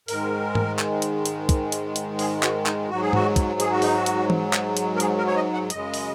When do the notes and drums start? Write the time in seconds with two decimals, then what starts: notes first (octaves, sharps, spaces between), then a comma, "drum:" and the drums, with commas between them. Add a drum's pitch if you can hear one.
0.08 G#2 D#3 G#3 A#4, drum: open hi-hat
0.55 drum: tom G#2
0.79 drum: clap
1.02 drum: hi-hat
1.26 drum: hi-hat
1.49 drum: kick, hi-hat
1.72 drum: hi-hat
1.96 drum: hi-hat
2.19 G#4, drum: open hi-hat
2.43 F#4, drum: clap
2.66 D#4, drum: clap
2.89 G#2 F#3 F#4
3.01 G#4
3.13 F#4, drum: tom G#2
3.36 drum: kick, hi-hat
3.60 G#4, drum: hi-hat
3.71 F#4
3.82 D#4, drum: open hi-hat
3.93 F#4
4.06 drum: hi-hat
4.30 drum: tom E3
4.53 drum: clap
4.77 drum: hi-hat
4.96 A#4
5.00 G#4, drum: hi-hat
5.18 A#4
5.27 C#5
5.35 D#5
5.53 F#5
5.70 F#2 C#3 G#3 D#5, drum: hi-hat
5.94 drum: open hi-hat